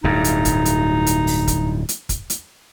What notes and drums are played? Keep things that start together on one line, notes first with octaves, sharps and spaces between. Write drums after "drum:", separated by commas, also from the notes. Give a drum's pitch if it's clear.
D1 G2 D#4
drum: hi-hat
drum: kick, hi-hat
drum: hi-hat
drum: hi-hat
drum: open hi-hat
drum: kick, hi-hat
drum: hi-hat
drum: kick, hi-hat
drum: hi-hat